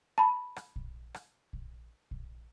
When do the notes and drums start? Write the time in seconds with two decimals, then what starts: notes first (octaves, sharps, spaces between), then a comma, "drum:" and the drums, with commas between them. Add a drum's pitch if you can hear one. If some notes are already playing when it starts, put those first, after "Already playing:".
0.18 A5 B5
0.56 drum: rim click
0.76 drum: kick A#1
1.14 drum: rim click
1.53 drum: kick A#1
2.11 drum: kick A#1